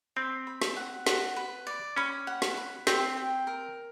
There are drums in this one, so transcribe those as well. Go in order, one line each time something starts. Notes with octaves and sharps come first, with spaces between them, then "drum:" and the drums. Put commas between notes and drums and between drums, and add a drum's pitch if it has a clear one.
C4 B5
B5
drum: snare
F#5
F#4, drum: snare
B4
D5
C#4 B5
F#5
drum: snare
B5
C4 G5, drum: snare
G5
A#4